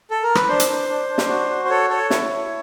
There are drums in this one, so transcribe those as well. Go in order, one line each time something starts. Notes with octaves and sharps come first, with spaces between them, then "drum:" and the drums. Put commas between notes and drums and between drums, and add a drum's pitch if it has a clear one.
A4
A#4
B4, drum: rim click
D4 C5
drum: hi-hat
D4
D4
D4
drum: snare
F#4
F#4
C5
A4 C#5
A4 C#5
E4 C#5, drum: snare
E4